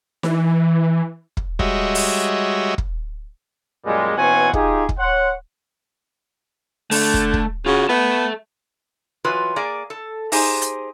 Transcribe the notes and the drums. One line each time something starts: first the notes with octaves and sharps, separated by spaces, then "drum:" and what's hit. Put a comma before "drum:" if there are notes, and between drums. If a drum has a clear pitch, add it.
E3, drum: snare D#4
drum: kick
G3 G#3 F#4 C#5 D#5 E5, drum: kick
drum: open hi-hat
drum: kick
F#2 A#2 G3 G#3
B2 E3 C4 C#4 F#5 G#5
D#4 F4 G4 G#4, drum: kick
drum: kick
C#5 F#5 C6
D3 A3, drum: open hi-hat
drum: kick
drum: kick
C#3 F4 F#4
B3 A4 E5
E3 F#3 F4 B4
A#3 G#4 D5
A4
D#4 G4 G#4 C5, drum: open hi-hat
drum: hi-hat